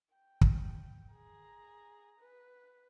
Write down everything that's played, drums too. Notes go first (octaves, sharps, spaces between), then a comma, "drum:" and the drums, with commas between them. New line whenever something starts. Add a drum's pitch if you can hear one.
G5
drum: kick
G#4 A#5
B4